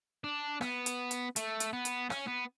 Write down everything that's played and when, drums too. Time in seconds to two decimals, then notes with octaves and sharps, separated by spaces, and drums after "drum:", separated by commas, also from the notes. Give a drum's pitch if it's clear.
0.24 D4
0.61 B3, drum: rim click
0.86 drum: hi-hat
1.11 drum: hi-hat
1.36 A3, drum: hi-hat
1.60 drum: hi-hat
1.73 B3
1.85 drum: hi-hat
2.10 C#4, drum: rim click
2.28 B3